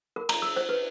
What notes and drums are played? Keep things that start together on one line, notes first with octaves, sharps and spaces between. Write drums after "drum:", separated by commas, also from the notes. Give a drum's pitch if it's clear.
A#4
A#5, drum: cymbal
E6
C5
B4